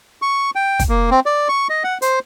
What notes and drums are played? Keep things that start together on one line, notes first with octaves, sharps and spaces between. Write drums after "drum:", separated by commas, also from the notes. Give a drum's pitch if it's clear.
C#6
G5
drum: kick, hi-hat
A#3
C4
D5
C#6
D#5
F#5
C5, drum: hi-hat